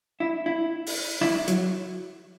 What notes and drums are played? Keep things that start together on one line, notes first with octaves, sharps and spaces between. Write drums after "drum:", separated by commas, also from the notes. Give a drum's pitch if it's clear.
E4
E4
drum: open hi-hat
E4, drum: rim click
F#3, drum: hi-hat